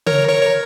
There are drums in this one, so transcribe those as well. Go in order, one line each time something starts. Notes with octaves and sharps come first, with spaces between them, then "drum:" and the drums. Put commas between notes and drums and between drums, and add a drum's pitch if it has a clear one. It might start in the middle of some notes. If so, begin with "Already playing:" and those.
A#4 C#5, drum: tom C#3
A#4 C#5
C#5